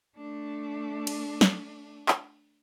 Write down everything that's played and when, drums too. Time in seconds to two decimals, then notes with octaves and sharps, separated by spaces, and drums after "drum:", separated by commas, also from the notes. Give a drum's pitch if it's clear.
0.16 A3 D4
1.07 drum: cymbal
1.41 drum: snare
2.08 drum: clap